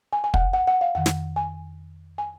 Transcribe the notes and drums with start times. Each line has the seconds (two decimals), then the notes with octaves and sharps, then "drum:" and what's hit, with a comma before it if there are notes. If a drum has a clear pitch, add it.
0.13 G#5
0.24 G#5
0.34 F#5, drum: kick
0.53 F#5
0.67 F#5
0.81 F5
0.95 F2 D#3 F#5
1.06 drum: snare
1.36 G#5
2.18 G#5